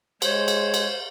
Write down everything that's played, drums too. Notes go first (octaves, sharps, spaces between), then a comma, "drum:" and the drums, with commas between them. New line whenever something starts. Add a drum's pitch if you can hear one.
G#3 C5 C#5, drum: cymbal
drum: cymbal
drum: cymbal